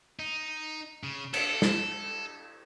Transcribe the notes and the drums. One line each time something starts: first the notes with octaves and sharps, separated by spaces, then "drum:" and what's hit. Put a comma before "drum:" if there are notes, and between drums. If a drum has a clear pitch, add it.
D#4
C#3
A4, drum: cymbal
drum: snare